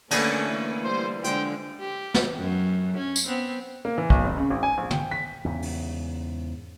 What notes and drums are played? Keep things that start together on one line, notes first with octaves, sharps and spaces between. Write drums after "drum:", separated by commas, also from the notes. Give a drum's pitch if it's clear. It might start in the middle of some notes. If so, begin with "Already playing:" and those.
D3 A3 A#3 C#4 G#4 A4 B4, drum: cymbal
E3 A#3
G3 C5
D3 F3 G#3 C5 G5, drum: hi-hat
G4
drum: snare
F#2
C#4
drum: tambourine
B3 C4
A#3
E3
B1, drum: kick
F1
C#3
G#1
G#5
A#1
G5, drum: tom
B6
E2 G#2 C#3
drum: open hi-hat